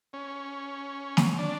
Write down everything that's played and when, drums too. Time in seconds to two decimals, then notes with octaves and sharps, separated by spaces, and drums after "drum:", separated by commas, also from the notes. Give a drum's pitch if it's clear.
0.13 C#4
1.17 drum: snare
1.38 D4